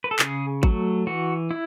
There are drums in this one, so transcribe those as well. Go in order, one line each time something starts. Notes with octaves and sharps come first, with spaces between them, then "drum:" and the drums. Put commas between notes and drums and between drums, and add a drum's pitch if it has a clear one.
B4
A4
C#3 G#4, drum: clap
F#3 A3, drum: kick
E3 F#4
E4